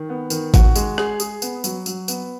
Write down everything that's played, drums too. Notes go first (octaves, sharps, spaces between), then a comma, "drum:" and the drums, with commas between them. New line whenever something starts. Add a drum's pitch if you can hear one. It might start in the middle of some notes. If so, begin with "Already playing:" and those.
Already playing: D#3
B3
D#3, drum: tambourine
F#4, drum: kick G#1, tambourine
G#3, drum: tambourine
G#4, drum: rim click
G#4, drum: tambourine
B3, drum: tambourine
F#3, drum: tambourine
F#3, drum: tambourine
B3, drum: tambourine